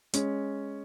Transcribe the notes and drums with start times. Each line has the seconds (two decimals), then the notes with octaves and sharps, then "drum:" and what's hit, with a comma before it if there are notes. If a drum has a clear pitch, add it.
0.13 G#3 C#4, drum: hi-hat